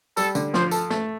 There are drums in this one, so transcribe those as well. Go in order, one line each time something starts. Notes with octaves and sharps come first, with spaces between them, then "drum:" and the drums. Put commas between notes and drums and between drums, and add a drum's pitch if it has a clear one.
G3 A4, drum: tambourine
D3, drum: tambourine
F3 C5, drum: snare
A4, drum: tambourine
A3, drum: snare